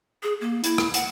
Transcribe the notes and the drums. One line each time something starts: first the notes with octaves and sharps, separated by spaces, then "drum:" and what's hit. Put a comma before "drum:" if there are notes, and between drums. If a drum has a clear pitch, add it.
G#4
A#3
E4, drum: hi-hat
drum: rim click
F#5, drum: hi-hat